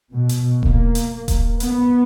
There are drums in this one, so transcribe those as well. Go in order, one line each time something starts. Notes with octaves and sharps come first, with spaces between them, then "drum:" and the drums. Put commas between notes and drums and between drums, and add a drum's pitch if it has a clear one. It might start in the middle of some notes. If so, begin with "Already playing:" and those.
B2
drum: hi-hat
A#3, drum: kick D#1
drum: hi-hat
drum: kick D#1, hi-hat
B3, drum: hi-hat